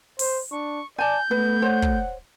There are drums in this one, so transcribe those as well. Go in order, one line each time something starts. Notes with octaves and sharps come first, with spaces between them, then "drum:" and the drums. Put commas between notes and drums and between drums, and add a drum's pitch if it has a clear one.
C5, drum: open hi-hat
D4 C#6
D5 G#5 A5 G6
A3 B3 B4
C5 C#5 F#5
drum: kick